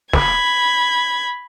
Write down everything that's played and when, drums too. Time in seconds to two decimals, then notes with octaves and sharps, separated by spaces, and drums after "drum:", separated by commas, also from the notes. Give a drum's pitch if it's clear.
0.13 B5 G#6, drum: snare